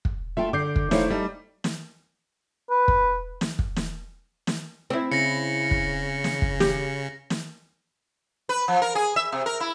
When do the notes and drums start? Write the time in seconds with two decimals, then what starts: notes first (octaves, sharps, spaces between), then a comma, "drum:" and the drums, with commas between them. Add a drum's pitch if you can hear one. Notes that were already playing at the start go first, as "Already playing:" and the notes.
0.05 drum: kick
0.37 A3 F4 E5 G5
0.53 D3 D6 G6 C7
0.76 drum: kick
0.91 A3 D#4 E4 C5 C#5 F5, drum: snare
1.10 G3 A3 D#4
1.64 drum: snare
2.70 B4
2.88 drum: kick
3.41 drum: snare
3.59 drum: kick
3.76 drum: snare
4.47 drum: snare
4.90 C4 E4
5.11 C#3 A#6 C#7
5.71 drum: kick
6.24 drum: snare
6.42 drum: kick
6.60 G4, drum: snare
7.30 drum: snare
8.49 B4
8.68 F3
8.82 A#4
8.95 G#4
9.16 E5
9.32 C3
9.46 A#4
9.60 E4